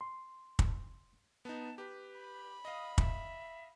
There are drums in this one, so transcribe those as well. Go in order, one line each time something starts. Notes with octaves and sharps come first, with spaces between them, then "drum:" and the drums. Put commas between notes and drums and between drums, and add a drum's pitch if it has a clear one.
C6
drum: kick
B3 D#4 A5
G4 B4
B5
D#5 F5 D#6
E5, drum: kick